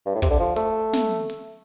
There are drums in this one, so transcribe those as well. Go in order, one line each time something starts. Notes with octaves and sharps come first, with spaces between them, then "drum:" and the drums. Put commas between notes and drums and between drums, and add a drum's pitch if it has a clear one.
G2
A2
C3, drum: kick, hi-hat
D3
F3
A3, drum: hi-hat
drum: snare
drum: hi-hat